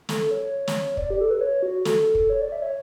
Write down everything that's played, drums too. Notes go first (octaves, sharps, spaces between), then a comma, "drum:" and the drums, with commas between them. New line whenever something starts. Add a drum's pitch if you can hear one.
A4, drum: snare
A4
C#5
C#5
drum: snare
D5, drum: kick
G4
A4
B4
C#5
F#4
A4, drum: snare
drum: kick
C#5
D5
E5
C#5